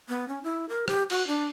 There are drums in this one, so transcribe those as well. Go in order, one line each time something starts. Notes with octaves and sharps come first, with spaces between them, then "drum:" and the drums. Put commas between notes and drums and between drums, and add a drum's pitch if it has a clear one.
B3
C#4
E4
A#4
G4, drum: rim click
F#4, drum: cymbal
D4